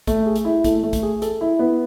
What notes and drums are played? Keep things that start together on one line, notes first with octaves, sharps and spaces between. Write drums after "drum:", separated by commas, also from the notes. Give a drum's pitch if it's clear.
A3, drum: kick A#1, hi-hat
G#4
drum: hi-hat
E4
A3, drum: kick A#1, hi-hat
A3
drum: kick A#1, hi-hat
G#4
A4, drum: hi-hat
E4
B3